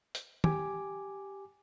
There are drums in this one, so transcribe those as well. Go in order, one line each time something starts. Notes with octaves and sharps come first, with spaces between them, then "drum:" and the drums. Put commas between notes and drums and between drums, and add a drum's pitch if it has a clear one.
drum: hi-hat
G4 G#5 D6, drum: tom